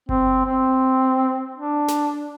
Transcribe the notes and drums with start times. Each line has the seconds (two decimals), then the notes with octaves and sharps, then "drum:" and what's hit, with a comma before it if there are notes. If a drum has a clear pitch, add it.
0.09 C4, drum: kick G1
0.45 C4
1.55 D4
1.88 drum: snare